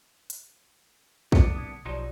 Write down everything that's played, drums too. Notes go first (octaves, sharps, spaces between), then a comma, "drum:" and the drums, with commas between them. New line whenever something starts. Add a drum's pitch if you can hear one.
drum: hi-hat
C2 B3 D4, drum: kick
A#1 D3 D#6 G#6
B1 F3 F#3 D#4 G4 D5